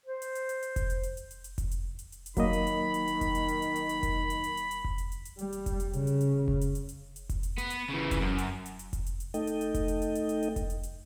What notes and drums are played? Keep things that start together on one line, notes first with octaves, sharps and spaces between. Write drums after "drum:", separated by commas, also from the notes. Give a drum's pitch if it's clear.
C5
drum: hi-hat
drum: hi-hat
drum: hi-hat
drum: hi-hat
drum: kick F1, hi-hat
drum: hi-hat
drum: hi-hat
drum: hi-hat
drum: hi-hat
drum: hi-hat
drum: kick F1, hi-hat
drum: hi-hat
drum: hi-hat
drum: hi-hat
drum: hi-hat
D#3 F#3 A#3 D#5 B5, drum: kick F1, hi-hat
drum: hi-hat
drum: hi-hat
drum: hi-hat
drum: hi-hat
drum: kick F1, hi-hat
drum: hi-hat
drum: hi-hat
drum: hi-hat
drum: hi-hat
drum: hi-hat
drum: kick F1, hi-hat
drum: hi-hat
drum: hi-hat
drum: hi-hat
drum: hi-hat
drum: kick F1
drum: hi-hat
drum: hi-hat
drum: hi-hat
G3, drum: hi-hat
drum: hi-hat
drum: kick F1, hi-hat
drum: hi-hat
C#3, drum: hi-hat
drum: hi-hat
drum: hi-hat
drum: kick F1
drum: hi-hat
drum: hi-hat
drum: hi-hat
drum: hi-hat
drum: kick F1, hi-hat
drum: hi-hat
B3, drum: hi-hat
drum: hi-hat
C#3 E3
drum: kick F1, hi-hat
F#2
drum: hi-hat
drum: hi-hat
drum: hi-hat
drum: kick F1, hi-hat
drum: hi-hat
drum: hi-hat
A3 D#4 A4 D#5 G5, drum: hi-hat
drum: hi-hat
drum: hi-hat
drum: kick F1, hi-hat
drum: hi-hat
drum: hi-hat
drum: hi-hat
drum: hi-hat
drum: hi-hat
drum: kick F1, hi-hat
drum: hi-hat
drum: hi-hat